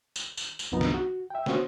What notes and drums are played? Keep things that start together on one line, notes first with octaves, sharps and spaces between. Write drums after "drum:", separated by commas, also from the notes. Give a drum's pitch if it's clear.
drum: tambourine
drum: tambourine
drum: tambourine
C2 F#2 F3 B3 D#4 A#5
drum: snare
F#4
E5 G5
B3 C#4 F#4 C5, drum: snare